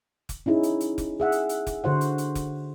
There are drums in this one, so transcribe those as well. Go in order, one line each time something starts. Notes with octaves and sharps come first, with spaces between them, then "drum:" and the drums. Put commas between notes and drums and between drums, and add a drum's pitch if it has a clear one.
drum: kick F1, hi-hat
C#4 D#4 E4 G#4
drum: hi-hat
drum: hi-hat
drum: kick F1, hi-hat
G#4 E5 F#5
drum: hi-hat
drum: hi-hat
drum: kick F1, hi-hat
D3 F#4 C5 F#5
drum: hi-hat
drum: hi-hat
drum: kick F1, hi-hat